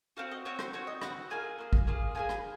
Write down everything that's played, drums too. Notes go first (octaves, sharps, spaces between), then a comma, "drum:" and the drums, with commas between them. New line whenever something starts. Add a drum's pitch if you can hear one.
C4 F#4 F5
D#5
C4 F#4 C#5
C5, drum: rim click
C4 F#4 C#5
D#5
C4 F#4 F#5, drum: rim click
A#3 F4 G#4 G#5
A#3 F4 G#4
drum: kick A1
A#3 F4 G#4
A#3 F4 G#4 G#5
drum: rim click